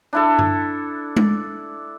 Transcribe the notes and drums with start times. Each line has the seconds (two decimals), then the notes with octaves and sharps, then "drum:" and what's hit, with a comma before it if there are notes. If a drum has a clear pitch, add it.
0.13 D4 E4 A4
0.39 drum: tom G2
1.17 drum: tom G#3